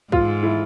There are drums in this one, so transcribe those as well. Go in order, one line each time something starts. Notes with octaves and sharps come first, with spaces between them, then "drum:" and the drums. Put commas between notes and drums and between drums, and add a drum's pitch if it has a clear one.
G#2 F4, drum: kick
E4